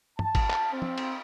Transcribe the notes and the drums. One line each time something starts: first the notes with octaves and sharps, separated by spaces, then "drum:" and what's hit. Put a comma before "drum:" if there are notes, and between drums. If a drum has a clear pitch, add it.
A5, drum: tom
drum: kick G#1, cymbal
drum: clap
C4
drum: tom
drum: cymbal